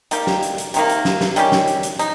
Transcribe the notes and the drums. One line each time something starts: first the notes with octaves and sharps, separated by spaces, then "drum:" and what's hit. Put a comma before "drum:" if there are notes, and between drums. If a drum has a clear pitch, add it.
G3 A#3 D#4 G4, drum: hi-hat
drum: snare
drum: hi-hat
drum: hi-hat
C3 D#3 A#3, drum: hi-hat
drum: hi-hat
drum: snare
drum: snare
D#3 G3 C#4 G4, drum: hi-hat
drum: snare
drum: hi-hat
drum: hi-hat
D#4, drum: hi-hat